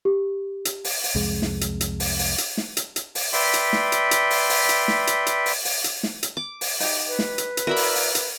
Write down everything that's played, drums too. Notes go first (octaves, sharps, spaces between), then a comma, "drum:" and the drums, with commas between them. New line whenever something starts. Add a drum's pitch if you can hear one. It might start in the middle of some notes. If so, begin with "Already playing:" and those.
G4
drum: hi-hat
drum: open hi-hat
drum: open hi-hat
C2 F2 G#3
drum: snare
drum: hi-hat
drum: hi-hat
drum: open hi-hat
drum: open hi-hat
drum: hi-hat
drum: snare
drum: hi-hat
drum: hi-hat
drum: open hi-hat
B4 D5 E5 G5 C6, drum: open hi-hat
drum: hi-hat
drum: snare
drum: hi-hat
drum: hi-hat
drum: open hi-hat
drum: open hi-hat
drum: hi-hat
drum: snare
drum: hi-hat
drum: hi-hat
drum: open hi-hat
drum: open hi-hat
drum: hi-hat
drum: snare
drum: hi-hat
D6
drum: open hi-hat
D#4 G4, drum: open hi-hat
B4
drum: snare
drum: hi-hat
drum: hi-hat
E4 F#4 A#4 D5 E5 B5
drum: open hi-hat
drum: open hi-hat
drum: hi-hat